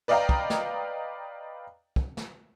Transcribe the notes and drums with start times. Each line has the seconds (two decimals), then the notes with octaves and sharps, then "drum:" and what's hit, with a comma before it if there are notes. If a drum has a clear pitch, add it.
0.08 B4 D5 D#5 F5 G5 A#5
0.29 drum: kick
0.50 drum: snare
1.96 drum: kick
2.17 drum: snare